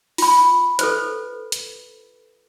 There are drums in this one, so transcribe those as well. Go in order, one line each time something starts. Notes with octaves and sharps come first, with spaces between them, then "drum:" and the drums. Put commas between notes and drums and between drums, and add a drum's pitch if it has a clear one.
F4 B5, drum: open hi-hat
A4 B4 C5, drum: hi-hat
drum: hi-hat